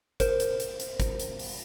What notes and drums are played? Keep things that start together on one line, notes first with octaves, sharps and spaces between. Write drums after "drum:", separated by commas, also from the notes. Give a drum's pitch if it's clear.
A#4 C5, drum: kick, hi-hat
drum: hi-hat
drum: hi-hat
drum: hi-hat
drum: kick, hi-hat
drum: hi-hat
drum: open hi-hat